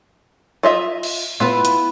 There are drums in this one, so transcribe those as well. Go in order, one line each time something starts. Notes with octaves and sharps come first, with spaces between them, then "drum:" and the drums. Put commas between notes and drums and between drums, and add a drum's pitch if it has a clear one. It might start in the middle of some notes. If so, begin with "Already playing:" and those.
F4 D#5 E5
drum: cymbal
B3 E4 F4 B4
drum: hi-hat